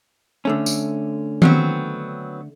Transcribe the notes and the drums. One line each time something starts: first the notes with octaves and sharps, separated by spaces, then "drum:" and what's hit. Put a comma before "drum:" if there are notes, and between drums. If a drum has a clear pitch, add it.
D3 A3 C#4
drum: tambourine
F#3 B3 C4, drum: tom D#3